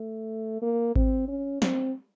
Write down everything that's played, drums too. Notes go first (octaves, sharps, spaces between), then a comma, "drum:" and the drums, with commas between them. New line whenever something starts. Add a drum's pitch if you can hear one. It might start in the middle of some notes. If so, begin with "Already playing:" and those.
Already playing: A3
A#3
C4, drum: kick G#1
C#4
C4, drum: snare